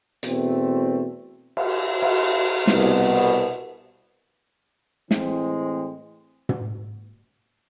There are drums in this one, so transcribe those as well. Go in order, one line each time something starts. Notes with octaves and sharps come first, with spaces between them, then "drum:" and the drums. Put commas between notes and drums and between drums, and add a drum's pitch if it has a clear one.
E2 B2 A3 C4, drum: hi-hat
drum: cymbal
drum: cymbal
C2 B2 B3, drum: snare
A2 E3 G#3 C4, drum: snare
drum: tom